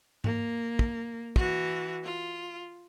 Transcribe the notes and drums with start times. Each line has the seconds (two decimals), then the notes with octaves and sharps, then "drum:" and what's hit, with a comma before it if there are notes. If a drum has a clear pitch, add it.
0.24 A#3, drum: tom G#2
0.79 drum: kick
1.36 E3 F#4, drum: kick
2.04 F4